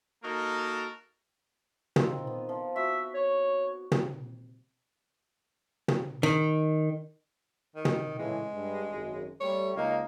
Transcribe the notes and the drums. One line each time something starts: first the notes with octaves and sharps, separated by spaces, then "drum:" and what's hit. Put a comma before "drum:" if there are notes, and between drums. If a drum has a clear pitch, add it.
A#3 D#4 F#4 A4 A#4
D#3 C4 F4, drum: tom
B3
F3
F#4 E5
C#5
drum: tom
drum: tom
D#3
D#3
drum: tom
A2 C#3 E3 G#3
G2
G#1 F#2
G3 A3 C#5
C#2 A#3 D#4